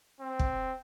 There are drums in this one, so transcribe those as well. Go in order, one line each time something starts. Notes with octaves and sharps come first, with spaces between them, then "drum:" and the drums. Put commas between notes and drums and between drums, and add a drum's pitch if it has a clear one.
C4
drum: kick